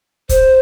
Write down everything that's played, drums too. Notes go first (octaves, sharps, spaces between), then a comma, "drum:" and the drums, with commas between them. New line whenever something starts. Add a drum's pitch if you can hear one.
C5, drum: kick, hi-hat